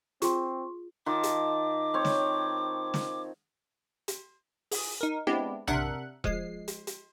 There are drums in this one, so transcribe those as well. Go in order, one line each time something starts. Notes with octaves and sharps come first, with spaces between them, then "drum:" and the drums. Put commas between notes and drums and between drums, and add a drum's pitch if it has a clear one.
C4 F4 G#4 C6 C#6, drum: hi-hat
D#3 F4 A5 D6
drum: hi-hat
C4 C#5
drum: snare
drum: snare
drum: hi-hat
G#4, drum: open hi-hat
D#4 A#4
G#3 B3 C4 D4 E4 G4
C3 D4 A#4 E5 F#5 F#6, drum: tom B1
F3 G#3 C7, drum: kick E1
drum: hi-hat
drum: hi-hat